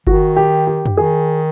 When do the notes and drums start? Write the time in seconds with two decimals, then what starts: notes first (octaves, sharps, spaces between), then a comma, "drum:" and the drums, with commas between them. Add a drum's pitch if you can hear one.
0.07 D#3 F#4, drum: kick F#1
0.36 G4
0.67 G4
0.86 drum: tom
0.97 D#3 G#4